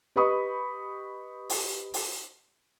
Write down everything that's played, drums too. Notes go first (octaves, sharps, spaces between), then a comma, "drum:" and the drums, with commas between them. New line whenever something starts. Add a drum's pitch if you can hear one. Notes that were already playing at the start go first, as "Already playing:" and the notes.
G4 B4 D#5 B5 C#6 D#6
drum: open hi-hat
drum: open hi-hat